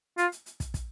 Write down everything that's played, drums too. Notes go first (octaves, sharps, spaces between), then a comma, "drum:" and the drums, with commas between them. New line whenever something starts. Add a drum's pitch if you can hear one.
F4, drum: hi-hat
drum: hi-hat
drum: hi-hat
drum: kick, hi-hat
drum: kick, hi-hat